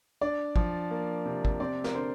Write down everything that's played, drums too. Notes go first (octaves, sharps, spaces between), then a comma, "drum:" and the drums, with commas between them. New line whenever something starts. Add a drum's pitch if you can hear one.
D4 D5
F3, drum: kick
A#3
C3
drum: kick
C4 D5
A#4, drum: snare
D3 C5